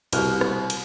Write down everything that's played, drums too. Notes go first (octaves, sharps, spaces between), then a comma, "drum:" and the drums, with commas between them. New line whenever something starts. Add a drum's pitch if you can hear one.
C2 B2 F6 F#6, drum: cymbal
drum: rim click
drum: cymbal